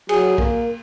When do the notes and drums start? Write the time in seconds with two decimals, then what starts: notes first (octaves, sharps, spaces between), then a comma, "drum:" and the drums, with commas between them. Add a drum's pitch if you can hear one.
0.09 F#3 G#4, drum: cymbal
0.38 A#3, drum: kick